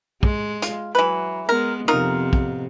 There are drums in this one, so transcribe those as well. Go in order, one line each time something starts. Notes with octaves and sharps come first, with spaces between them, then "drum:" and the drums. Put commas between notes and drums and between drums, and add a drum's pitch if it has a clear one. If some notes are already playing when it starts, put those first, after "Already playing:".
G#3, drum: kick
F4, drum: hi-hat
E3 F#3 B4
G#3 B3 A#4
F2 C3 B3 D#4 F4 A#4
drum: kick